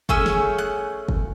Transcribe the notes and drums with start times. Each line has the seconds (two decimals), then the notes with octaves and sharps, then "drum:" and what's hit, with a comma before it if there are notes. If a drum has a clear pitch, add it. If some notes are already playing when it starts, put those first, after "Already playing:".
0.09 A3 C#4 G#4 E6, drum: kick
0.26 drum: snare
0.58 F#6
1.09 drum: kick